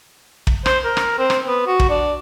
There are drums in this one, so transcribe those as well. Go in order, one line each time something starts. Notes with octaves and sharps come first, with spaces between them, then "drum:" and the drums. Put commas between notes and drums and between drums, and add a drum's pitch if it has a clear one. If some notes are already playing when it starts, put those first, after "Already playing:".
drum: kick
C5, drum: rim click
A#4
drum: rim click
C4
drum: rim click
B3
F#4
drum: kick
D4